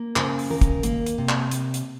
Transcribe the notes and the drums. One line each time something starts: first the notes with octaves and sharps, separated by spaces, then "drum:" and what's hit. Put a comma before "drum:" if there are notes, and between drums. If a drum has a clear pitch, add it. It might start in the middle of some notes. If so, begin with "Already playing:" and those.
Already playing: A#3
C#3 C5, drum: clap
drum: open hi-hat
D#2 A#4
drum: kick, hi-hat
A#3, drum: hi-hat
drum: hi-hat
C3
drum: clap
drum: hi-hat
drum: hi-hat